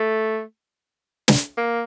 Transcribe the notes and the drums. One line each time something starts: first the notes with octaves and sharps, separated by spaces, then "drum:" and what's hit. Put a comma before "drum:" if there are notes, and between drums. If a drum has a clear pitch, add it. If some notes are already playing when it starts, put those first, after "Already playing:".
Already playing: A3
drum: snare
A#3